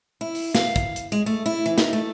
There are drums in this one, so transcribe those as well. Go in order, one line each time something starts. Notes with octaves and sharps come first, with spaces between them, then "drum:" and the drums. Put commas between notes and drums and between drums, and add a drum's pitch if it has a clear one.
E4
drum: open hi-hat
F5, drum: snare
drum: kick, hi-hat
drum: hi-hat
G#3
A3
E4
E3
D#4, drum: snare
A3